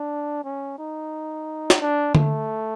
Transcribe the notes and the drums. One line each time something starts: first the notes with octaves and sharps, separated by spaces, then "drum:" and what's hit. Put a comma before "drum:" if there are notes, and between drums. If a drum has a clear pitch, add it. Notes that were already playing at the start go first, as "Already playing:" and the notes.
Already playing: D4
C#4
D#4
drum: snare
D4
A3, drum: tom D3